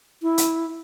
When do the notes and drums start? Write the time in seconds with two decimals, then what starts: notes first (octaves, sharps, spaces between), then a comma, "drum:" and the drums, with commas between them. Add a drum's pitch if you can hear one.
0.22 E4
0.38 drum: hi-hat